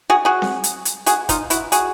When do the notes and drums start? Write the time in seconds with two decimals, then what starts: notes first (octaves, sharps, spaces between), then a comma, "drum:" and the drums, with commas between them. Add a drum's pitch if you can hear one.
0.10 F#4 G#4
0.25 F#4 G#4
0.42 drum: snare C4
0.64 drum: hi-hat
0.85 drum: hi-hat
1.06 F#4 G#4, drum: hi-hat
1.29 D#4 F4, drum: kick, hi-hat
1.50 E4 F#4, drum: hi-hat
1.72 F#4 G#4, drum: hi-hat